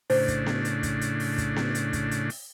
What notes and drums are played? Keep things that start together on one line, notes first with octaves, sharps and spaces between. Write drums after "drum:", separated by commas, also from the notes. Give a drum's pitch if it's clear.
A2 C#3 D4 C5, drum: open hi-hat
drum: kick, hi-hat
drum: snare B3
drum: hi-hat
drum: kick, hi-hat
drum: hi-hat
drum: open hi-hat
drum: kick, hi-hat
drum: snare B3
drum: hi-hat
drum: kick, hi-hat
drum: hi-hat
drum: open hi-hat